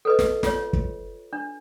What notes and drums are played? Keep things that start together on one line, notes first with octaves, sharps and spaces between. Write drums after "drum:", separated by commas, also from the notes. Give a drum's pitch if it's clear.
A4 B4 D#5
drum: snare
F4 C#5, drum: snare
drum: kick
D4